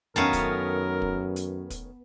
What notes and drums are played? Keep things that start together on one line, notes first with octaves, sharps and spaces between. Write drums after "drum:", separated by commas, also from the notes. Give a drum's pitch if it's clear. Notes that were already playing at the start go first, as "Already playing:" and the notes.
F#2 D#3 A3 B3 C#4 A#4 F5 A5, drum: tom E2
drum: kick, hi-hat
drum: kick
drum: hi-hat
drum: kick, hi-hat